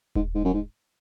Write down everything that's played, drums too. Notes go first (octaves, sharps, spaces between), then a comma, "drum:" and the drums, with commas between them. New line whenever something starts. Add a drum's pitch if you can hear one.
G#2, drum: kick D#1
G#2
F#2
G#2